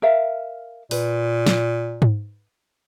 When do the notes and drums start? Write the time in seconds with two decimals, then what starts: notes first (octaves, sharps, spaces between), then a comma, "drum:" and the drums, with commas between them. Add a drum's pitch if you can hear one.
0.02 A#4 E5 F5
0.91 A#2 B4, drum: open hi-hat
1.46 drum: snare
2.02 drum: tom G#2